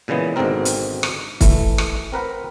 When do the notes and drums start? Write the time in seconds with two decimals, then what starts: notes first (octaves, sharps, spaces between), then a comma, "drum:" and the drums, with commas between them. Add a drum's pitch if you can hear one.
0.08 A#2 C#3 E3 G#3 B3
0.36 G#1 G#2 B2 D3 C4 A#4
0.65 drum: hi-hat
1.03 drum: rim click
1.41 E3 A3, drum: kick, hi-hat
1.78 drum: rim click
2.12 C4 A#4 B4 F#5